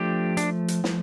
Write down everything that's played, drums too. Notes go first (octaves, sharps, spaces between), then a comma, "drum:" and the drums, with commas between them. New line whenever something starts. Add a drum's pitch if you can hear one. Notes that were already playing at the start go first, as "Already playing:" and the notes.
Already playing: F3 A3 D4 G4
D4, drum: hi-hat
drum: hi-hat
drum: snare